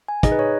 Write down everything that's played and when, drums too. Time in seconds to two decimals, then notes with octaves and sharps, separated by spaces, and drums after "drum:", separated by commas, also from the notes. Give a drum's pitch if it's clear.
0.08 G#5
0.23 D#4 G#4 D#5, drum: kick, hi-hat
0.32 B4
0.39 C#5